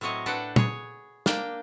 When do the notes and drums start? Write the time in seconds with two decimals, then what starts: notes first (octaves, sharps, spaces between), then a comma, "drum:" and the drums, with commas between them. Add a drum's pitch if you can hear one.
0.01 A2 F#3 C4 C#5 D#5
0.26 D4 A4 B4 F#5 G5
0.56 G#4 C#5, drum: tom
1.26 A#3 D4 G5, drum: snare